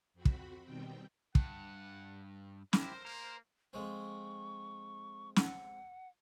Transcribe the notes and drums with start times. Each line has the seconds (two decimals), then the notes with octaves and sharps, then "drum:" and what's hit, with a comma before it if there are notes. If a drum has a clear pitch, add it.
0.14 F2 C4 F#4 B5
0.25 drum: kick
0.63 B2 D#3 G3 C4 G5
1.35 G2 F#5, drum: kick
2.73 E4 G4 A#4 C5, drum: snare
3.05 A#3 A#4
3.73 F2 G#3 C4 C#6
5.36 F#5, drum: snare